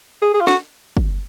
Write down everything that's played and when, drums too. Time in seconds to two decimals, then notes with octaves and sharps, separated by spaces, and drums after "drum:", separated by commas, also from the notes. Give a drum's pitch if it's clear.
0.22 G#4
0.34 G#4
0.41 F4
0.47 F#4, drum: snare
0.97 drum: kick